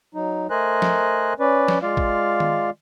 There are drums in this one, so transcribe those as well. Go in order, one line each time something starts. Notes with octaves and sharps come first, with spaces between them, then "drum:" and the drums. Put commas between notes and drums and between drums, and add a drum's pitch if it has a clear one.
F#3 D#4
A3 A#4 C5 D#5 G#5 F#6
drum: snare F3
C#4 B4 D5
drum: snare F3
G#3 F4 D5 F5
drum: kick A1
drum: tom D#3